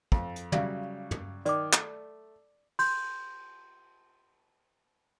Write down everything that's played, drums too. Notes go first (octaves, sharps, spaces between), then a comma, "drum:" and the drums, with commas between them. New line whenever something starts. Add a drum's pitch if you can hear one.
F2, drum: kick
drum: hi-hat
C#3 F#3 G3 D5 E5 F5, drum: tom
drum: tom
D#3 D5 D6, drum: hi-hat
A3, drum: clap
C6 G6, drum: cymbal